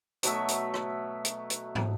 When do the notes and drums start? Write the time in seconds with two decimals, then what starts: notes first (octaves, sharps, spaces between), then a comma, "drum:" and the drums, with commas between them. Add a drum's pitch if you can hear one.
0.23 B2 F#3 A3 E5, drum: hi-hat
0.48 drum: hi-hat
0.74 drum: rim click
1.25 drum: hi-hat
1.50 drum: hi-hat
1.75 drum: tom